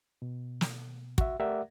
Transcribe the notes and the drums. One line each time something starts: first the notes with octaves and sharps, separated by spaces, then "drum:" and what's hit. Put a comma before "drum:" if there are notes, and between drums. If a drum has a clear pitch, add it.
B2
drum: snare
F#4 E5, drum: kick
A3 G4 A#4 D5 E5 F#5